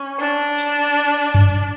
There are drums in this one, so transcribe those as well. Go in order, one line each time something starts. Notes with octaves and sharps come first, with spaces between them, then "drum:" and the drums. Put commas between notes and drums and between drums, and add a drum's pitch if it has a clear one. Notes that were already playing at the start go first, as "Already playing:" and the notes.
Already playing: C#4
D4
drum: tambourine
drum: tom F#2